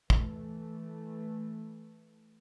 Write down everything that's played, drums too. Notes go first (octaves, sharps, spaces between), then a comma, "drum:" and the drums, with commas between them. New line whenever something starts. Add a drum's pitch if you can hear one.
E3 A3, drum: kick